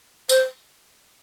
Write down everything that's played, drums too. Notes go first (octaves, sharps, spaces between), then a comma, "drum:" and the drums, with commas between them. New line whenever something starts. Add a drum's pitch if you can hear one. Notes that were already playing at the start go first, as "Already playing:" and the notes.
C5, drum: tambourine